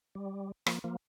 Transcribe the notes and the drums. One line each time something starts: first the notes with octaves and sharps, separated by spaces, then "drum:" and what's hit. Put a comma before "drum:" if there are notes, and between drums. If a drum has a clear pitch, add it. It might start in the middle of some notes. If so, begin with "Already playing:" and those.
G3
F3 A#3, drum: rim click
F3 A#3